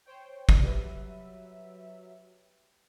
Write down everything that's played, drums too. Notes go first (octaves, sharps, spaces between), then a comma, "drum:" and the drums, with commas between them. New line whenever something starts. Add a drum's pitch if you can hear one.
C5 C#5 G5
drum: kick
F#3 G3 B4 E5